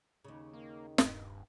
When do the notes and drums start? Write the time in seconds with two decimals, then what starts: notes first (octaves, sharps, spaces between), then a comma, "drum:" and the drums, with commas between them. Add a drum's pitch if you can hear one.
0.24 D#2 C#3
0.53 D#3 A#3
0.98 D#1 G2, drum: snare